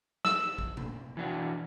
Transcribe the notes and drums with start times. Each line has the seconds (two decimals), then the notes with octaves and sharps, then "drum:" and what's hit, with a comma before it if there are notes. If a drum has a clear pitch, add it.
0.25 E6, drum: snare
0.58 drum: kick
0.77 drum: tom B2
1.17 E3 D4 F#4